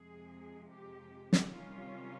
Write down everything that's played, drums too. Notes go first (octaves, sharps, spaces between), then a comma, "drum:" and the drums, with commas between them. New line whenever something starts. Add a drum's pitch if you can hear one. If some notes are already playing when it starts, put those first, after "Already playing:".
Already playing: F2 C3 F3 G#3 G#4
G4
drum: snare
C3 D#3 G3 C#4 F4